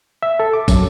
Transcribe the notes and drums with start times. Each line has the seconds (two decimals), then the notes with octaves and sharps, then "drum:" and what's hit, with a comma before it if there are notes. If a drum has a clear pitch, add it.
0.23 E5
0.40 A4
0.53 D6
0.68 F#2, drum: kick, tambourine